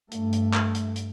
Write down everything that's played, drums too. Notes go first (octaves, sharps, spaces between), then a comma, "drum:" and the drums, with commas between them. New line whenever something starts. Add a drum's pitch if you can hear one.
G2 A3, drum: hi-hat
drum: hi-hat
drum: clap
drum: hi-hat
drum: hi-hat